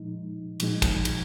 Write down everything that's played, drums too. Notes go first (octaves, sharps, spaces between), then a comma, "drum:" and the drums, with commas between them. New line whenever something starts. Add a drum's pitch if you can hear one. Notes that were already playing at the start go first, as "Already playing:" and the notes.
Already playing: A#2 F3 G#3 D#4
A#2 F3 G#3 D#4, drum: cymbal
drum: kick, cymbal
drum: cymbal